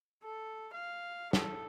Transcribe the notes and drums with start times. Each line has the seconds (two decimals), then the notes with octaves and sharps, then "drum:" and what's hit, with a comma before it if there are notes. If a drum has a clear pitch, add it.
0.23 A4
0.73 F5
1.33 A4, drum: snare